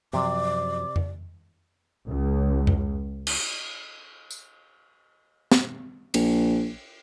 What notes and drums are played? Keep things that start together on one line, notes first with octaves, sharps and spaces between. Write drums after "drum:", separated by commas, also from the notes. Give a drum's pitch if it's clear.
F#2 C3 F3 F#3 D5 D6
drum: tom F2
C#2
drum: tom F2
drum: cymbal
drum: tambourine
drum: snare
A#1, drum: cymbal